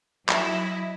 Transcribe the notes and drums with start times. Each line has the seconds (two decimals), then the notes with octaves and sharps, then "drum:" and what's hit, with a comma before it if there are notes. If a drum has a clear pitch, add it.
0.29 F#3 E4 D#5, drum: clap